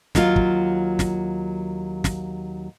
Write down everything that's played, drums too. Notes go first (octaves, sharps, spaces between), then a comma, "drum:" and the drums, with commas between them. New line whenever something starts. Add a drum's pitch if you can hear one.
D#2 F#3 F4, drum: snare
drum: kick
drum: snare
drum: snare